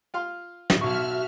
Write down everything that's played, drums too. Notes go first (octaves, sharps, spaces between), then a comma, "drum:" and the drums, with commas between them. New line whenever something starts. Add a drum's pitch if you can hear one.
F4 F5 C6
drum: snare
B1 F#4 E5 C#6 F6